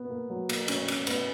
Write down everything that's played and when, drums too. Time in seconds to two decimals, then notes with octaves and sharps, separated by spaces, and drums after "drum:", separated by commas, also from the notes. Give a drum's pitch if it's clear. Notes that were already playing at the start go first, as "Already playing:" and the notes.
Already playing: B3
0.10 A#3
0.30 F#3
0.49 A#3, drum: cymbal
0.68 C#4, drum: cymbal
0.88 C#4, drum: cymbal
1.07 B3, drum: cymbal